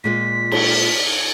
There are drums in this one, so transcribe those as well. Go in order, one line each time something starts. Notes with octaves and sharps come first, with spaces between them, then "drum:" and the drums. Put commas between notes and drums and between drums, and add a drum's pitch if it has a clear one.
A#2 G#3 F4 B6
drum: cymbal